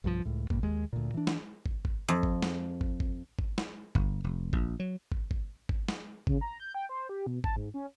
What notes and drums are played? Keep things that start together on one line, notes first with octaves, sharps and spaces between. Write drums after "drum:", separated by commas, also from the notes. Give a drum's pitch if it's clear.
B1 G2 D#3 F3
C#2 A2
G2 B2 A#3, drum: kick
D#2 G#3
D2 A#2
E3 D4
drum: snare
drum: kick
drum: kick
F2
drum: kick
drum: snare
drum: kick
drum: kick
drum: kick
drum: snare
G1, drum: kick
F1
A#1, drum: kick
F#3
drum: kick
drum: kick
drum: kick
drum: snare
C#3, drum: kick
A#5
G6
G5
C5
G4
B2
A5, drum: kick
G#2
C#4